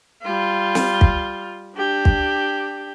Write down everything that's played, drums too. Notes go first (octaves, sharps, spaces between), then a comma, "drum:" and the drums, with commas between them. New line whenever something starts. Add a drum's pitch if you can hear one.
G3 F4
drum: snare
drum: kick
D4 G4
drum: kick